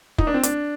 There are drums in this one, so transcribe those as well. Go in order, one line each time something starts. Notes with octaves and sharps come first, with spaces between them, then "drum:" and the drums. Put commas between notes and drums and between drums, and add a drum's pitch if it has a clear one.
D#4, drum: kick
D4
C4
D4, drum: hi-hat